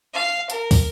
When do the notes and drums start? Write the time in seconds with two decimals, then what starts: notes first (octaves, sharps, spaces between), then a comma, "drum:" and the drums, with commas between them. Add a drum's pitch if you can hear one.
0.13 F5
0.50 A#4, drum: hi-hat
0.71 drum: kick, open hi-hat